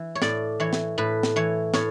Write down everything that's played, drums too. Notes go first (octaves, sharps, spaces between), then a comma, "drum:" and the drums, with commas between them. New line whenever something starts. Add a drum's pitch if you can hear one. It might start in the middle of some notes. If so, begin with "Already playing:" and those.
Already playing: E3
C#5
A2 D5, drum: snare
E3 C#5
drum: snare
A2 B4
drum: snare
E3 C#5
A2 C#5, drum: snare